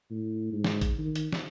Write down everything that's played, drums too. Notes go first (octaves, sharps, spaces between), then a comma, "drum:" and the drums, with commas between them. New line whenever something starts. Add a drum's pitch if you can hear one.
A2
G#2
drum: snare
drum: kick A1, hi-hat
D#3
drum: hi-hat
drum: snare